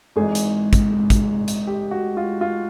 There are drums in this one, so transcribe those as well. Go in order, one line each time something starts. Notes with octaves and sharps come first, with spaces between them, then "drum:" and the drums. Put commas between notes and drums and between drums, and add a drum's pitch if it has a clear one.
G#1 G#2 E3 G#4
drum: hi-hat
drum: kick, hi-hat
drum: kick, hi-hat
drum: hi-hat
G4
F#4
F4
F4